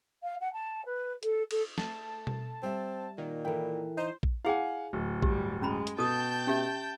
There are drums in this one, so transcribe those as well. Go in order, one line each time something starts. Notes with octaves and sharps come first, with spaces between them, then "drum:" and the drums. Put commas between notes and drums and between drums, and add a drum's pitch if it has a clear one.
F5
F#5
A5
B4
A4, drum: hi-hat
A4, drum: cymbal
A3 A5, drum: snare
drum: tom B2
G3 C4 E5
A#2 D#3
E3 E4 A4 A#4 G5
D#4 C5
drum: kick
E4 G#4 F5 F#5 G#5
D1
G2 G3 G4, drum: kick
G#3 C#4 A#5 B5
drum: hi-hat
B2 A4 G5 A5 D#6 G6
C#4 G4 E5